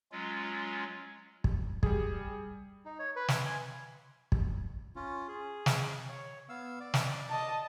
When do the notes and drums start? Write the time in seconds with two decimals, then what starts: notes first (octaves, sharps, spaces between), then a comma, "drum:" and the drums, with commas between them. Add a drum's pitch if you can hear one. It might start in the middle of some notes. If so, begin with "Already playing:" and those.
0.12 F#3 G#3 C#4 F4
1.44 drum: kick
1.83 G3 G#4, drum: kick
2.85 D#4
2.99 C#5
3.16 B4
3.28 C6, drum: snare
3.45 G#5
4.32 drum: kick
4.96 C#4 F4
5.28 G#4
5.66 drum: snare
6.09 C#5
6.49 B3 F5 E6
6.80 D5
6.94 drum: snare
7.29 D#5 A5